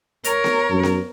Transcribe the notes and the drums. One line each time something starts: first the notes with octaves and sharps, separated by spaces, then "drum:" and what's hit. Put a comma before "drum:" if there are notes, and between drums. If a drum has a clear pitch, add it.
A#4 C#5, drum: hi-hat
drum: snare B3
F#2
drum: snare B3